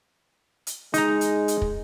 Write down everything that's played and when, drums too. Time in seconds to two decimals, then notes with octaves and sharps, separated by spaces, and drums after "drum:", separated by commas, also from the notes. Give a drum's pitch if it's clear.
0.67 drum: hi-hat
0.94 G#3 D#4 A#5, drum: hi-hat
1.21 drum: hi-hat
1.48 drum: hi-hat
1.62 drum: kick